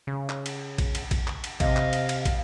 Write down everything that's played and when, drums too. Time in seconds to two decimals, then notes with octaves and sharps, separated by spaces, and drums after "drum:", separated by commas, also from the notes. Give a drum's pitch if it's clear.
0.07 C#3
0.29 drum: clap
0.46 drum: cymbal
0.78 drum: kick, cymbal
0.95 drum: cymbal
1.11 drum: kick, cymbal
1.27 drum: clap
1.44 drum: cymbal
1.60 C3 D#5 F5, drum: kick, cymbal
1.76 drum: clap
1.93 drum: cymbal
2.09 drum: cymbal
2.25 drum: kick, cymbal